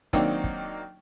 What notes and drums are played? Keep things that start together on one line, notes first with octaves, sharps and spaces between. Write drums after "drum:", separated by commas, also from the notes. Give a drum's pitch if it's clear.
D#3 F#3 A#3 C4 D4 D#4, drum: kick, hi-hat
drum: kick